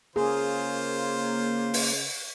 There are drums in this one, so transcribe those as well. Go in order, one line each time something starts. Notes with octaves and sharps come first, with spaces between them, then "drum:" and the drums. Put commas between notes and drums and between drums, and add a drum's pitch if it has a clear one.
C#3 A#3 F4 G#4 C5
drum: open hi-hat